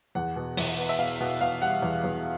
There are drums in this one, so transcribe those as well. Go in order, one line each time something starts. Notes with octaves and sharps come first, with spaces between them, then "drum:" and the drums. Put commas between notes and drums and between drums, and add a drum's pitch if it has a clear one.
E2 F#5
B2
E2, drum: open hi-hat
B3
E5
B2 F5
B2
B2 F5
G3 F#5
E2
E2